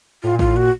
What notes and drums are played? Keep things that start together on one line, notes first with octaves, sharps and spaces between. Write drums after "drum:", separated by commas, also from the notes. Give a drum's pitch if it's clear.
A2 F4
A#2
F4, drum: kick A1
A2
A#2 F#4